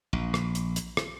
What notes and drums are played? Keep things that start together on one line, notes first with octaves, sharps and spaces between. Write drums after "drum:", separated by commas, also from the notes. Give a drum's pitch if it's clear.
A#1
drum: rim click
drum: hi-hat
drum: hi-hat
drum: rim click